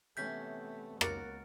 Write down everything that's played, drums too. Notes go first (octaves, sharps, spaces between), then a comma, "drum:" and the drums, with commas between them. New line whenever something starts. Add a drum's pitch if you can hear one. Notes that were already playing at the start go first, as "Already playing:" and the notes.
C3 E3 A3 B3 C#4 G6 B6
C#2 A#3 B3 F#4 A#4 A6 C#7, drum: rim click